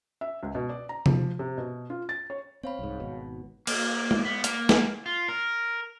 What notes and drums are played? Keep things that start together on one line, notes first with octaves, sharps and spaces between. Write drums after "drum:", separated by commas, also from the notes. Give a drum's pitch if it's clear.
E5
C#2
B2
D5
A#5
F3, drum: tom C3
C3
B2
F4
A6
C#5
C4 C#5 F5 B5
C2 G#2
G#1 B2
A#3, drum: cymbal
drum: tom G#3
B3
A#3, drum: hi-hat
drum: snare
F4
A#4